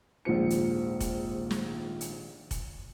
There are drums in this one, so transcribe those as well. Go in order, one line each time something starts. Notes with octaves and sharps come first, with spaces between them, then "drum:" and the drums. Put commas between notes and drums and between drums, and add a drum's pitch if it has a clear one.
A#1 D#2 G#2 F3 C4 C#7
drum: hi-hat
drum: kick F1, hi-hat
drum: snare
drum: hi-hat
drum: kick F1, hi-hat